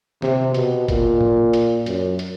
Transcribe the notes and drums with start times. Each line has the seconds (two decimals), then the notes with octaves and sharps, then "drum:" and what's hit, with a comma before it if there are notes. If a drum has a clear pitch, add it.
0.22 C3, drum: snare
0.54 B2, drum: hi-hat
0.88 A#2, drum: kick G1, hi-hat
1.21 drum: tom A2
1.53 drum: hi-hat
1.86 F#2, drum: hi-hat
2.19 drum: hi-hat